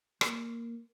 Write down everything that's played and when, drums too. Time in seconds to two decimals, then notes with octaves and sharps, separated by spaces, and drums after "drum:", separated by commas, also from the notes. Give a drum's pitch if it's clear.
0.21 A#3, drum: rim click